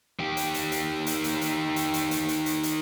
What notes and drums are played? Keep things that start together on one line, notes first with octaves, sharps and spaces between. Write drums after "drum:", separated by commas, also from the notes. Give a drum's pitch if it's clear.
D#3 G4
drum: hi-hat
drum: hi-hat
drum: hi-hat
drum: hi-hat
drum: hi-hat
drum: hi-hat
drum: hi-hat
drum: hi-hat
drum: hi-hat
drum: hi-hat
drum: hi-hat
drum: hi-hat